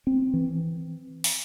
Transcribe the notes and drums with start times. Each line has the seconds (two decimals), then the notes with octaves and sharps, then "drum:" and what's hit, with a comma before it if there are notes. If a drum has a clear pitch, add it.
0.07 C4
0.34 E3
1.24 drum: open hi-hat